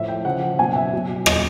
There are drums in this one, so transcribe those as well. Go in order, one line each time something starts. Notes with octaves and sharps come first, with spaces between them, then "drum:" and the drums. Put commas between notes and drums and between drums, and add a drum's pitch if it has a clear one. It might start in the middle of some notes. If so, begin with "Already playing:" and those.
Already playing: A2 F3 E5
G5
C#3 F3 F#5
B2 F#3 G#5
E5
B2 F#3
A#2 F#3 D#5, drum: rim click